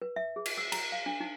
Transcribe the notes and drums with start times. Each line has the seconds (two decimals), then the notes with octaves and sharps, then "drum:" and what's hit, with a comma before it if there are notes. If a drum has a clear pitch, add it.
0.02 B4
0.16 E5
0.36 G#4
0.46 drum: cymbal
0.57 E6
0.72 A#5, drum: cymbal
0.92 F5
1.06 D4
1.20 D#4